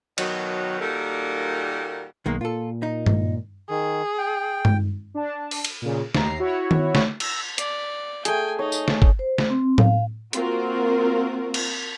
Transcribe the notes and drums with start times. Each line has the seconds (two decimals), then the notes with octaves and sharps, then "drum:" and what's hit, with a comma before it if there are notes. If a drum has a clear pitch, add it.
0.18 B2 D#3 F#3, drum: cymbal
0.81 A#2 D#3 G3 A#3 F#4 A4
2.26 B1 D#3 G#3 A#3
2.41 A#2 F4 A4
2.83 D#4
3.06 drum: tom G2
3.70 D#3 G#4
4.18 G5
4.65 drum: tom G2
5.14 D4 A5
5.51 drum: open hi-hat
5.65 drum: cymbal
5.82 A#2 C#3
6.15 D#2 A#5 C7, drum: snare
6.38 E4 F#4 C#5
6.71 drum: tom D#3
6.95 drum: snare
7.20 E6 A#6, drum: cymbal
7.58 D5, drum: hi-hat
8.25 A3 G#4 G5 G#5, drum: hi-hat
8.59 D#4 C#5
8.72 drum: tambourine
8.88 drum: snare
9.02 drum: kick
9.19 C5
9.38 drum: snare
9.50 C4
9.78 F5, drum: tom A2
10.33 A#3 C4 F4 F#4 A#4, drum: hi-hat
11.54 drum: cymbal